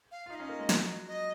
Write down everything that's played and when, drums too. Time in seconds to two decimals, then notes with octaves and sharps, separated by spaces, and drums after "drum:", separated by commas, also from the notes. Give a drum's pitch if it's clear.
0.11 F5
0.26 F4
0.30 D#4 F5
0.35 C#4 D#5
0.49 A#3
0.59 G#3
0.69 F#3, drum: snare
1.07 D#5